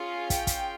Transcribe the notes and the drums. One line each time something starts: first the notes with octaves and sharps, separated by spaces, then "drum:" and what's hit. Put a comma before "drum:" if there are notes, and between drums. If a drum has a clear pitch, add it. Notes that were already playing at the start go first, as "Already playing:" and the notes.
Already playing: C#4 F4 G#4
G5, drum: kick, hi-hat
drum: kick, hi-hat